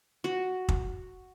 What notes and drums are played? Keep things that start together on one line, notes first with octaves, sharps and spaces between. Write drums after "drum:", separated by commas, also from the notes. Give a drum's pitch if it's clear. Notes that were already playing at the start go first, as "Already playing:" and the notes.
F#4
drum: kick